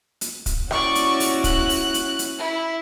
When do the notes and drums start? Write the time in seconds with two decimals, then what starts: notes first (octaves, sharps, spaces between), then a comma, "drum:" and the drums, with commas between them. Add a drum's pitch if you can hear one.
0.21 drum: hi-hat
0.46 drum: kick, hi-hat
0.71 C#4 E4 F#4 D5 C#6, drum: rim click
0.95 drum: hi-hat
1.20 drum: open hi-hat
1.44 F#6, drum: kick, hi-hat
1.69 drum: open hi-hat
1.94 drum: hi-hat
2.19 drum: hi-hat
2.38 E4